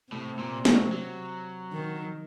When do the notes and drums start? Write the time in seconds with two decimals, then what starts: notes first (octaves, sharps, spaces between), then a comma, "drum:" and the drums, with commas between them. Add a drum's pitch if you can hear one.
0.12 A2 C3
0.39 A#2
0.65 F#3, drum: snare
0.92 F#3
1.72 D#3